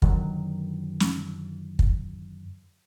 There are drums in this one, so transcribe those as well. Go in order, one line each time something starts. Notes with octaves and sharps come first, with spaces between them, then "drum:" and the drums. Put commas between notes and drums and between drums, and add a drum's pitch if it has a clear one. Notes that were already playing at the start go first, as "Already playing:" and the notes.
F#2 D3 D#3 F#3, drum: kick
drum: snare
drum: kick